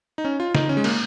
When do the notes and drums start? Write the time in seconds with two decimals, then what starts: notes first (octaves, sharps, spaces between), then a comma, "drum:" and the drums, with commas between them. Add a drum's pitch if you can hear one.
0.18 D#4
0.25 C#4
0.40 F4
0.55 D#4, drum: snare
0.69 C#4
0.77 G#3
0.84 A#3, drum: cymbal